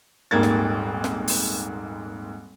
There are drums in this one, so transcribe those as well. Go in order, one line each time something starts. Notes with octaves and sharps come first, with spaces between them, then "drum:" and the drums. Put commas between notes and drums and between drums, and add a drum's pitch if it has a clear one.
D#1 G#1 G#2 A#3 G#6 A6
drum: snare
drum: snare
drum: open hi-hat